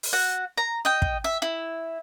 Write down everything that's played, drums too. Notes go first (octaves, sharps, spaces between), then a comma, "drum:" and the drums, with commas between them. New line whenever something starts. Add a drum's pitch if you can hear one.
drum: open hi-hat
F#4 F#5
A#5
D#5 G5
drum: kick
E5
E4